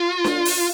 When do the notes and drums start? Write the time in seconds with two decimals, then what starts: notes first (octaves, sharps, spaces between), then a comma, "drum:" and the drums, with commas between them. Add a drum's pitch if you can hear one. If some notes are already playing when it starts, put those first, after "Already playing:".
Already playing: F4
0.24 drum: snare D4
0.45 drum: open hi-hat